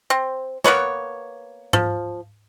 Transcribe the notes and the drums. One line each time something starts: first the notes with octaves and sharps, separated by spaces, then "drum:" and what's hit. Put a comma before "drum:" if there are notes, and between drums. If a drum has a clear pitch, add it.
C4
A#3 B3 B4 C#5, drum: snare
F3, drum: tom G#2